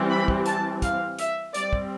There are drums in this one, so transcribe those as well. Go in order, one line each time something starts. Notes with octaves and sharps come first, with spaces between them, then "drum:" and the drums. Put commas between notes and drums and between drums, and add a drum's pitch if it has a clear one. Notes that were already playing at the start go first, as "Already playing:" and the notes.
Already playing: E3 G3 C4
B5
drum: kick
A5, drum: hi-hat
F5, drum: kick, hi-hat
E5, drum: hi-hat
G3 C4 D5, drum: hi-hat
drum: kick